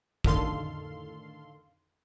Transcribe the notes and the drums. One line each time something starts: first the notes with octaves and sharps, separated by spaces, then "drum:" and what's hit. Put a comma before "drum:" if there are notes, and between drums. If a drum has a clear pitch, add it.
A2 D3 D#3 A4 F5 C6, drum: kick